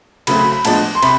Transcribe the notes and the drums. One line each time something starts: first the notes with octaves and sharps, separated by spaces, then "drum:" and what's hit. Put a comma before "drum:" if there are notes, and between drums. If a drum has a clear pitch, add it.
C#3 F#3 A3 C4 B5, drum: cymbal
B5
B5
A2 F3 G#3 B3 D4 A5, drum: cymbal
C6
C3 B5, drum: cymbal